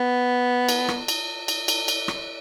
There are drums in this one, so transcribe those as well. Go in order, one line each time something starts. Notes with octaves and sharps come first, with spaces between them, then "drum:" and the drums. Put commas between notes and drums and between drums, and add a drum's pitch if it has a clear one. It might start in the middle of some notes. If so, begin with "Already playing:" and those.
Already playing: B3
drum: cymbal
drum: rim click
drum: cymbal
drum: cymbal
drum: cymbal
drum: cymbal
drum: rim click